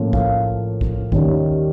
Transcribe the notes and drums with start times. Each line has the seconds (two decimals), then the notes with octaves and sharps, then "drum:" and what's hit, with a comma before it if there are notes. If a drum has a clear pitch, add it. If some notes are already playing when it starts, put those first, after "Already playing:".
Already playing: A2 F3 A#3 C#4
0.13 F5, drum: kick
0.81 drum: kick
1.12 D#2 D#3 G3 A#3 C#4, drum: kick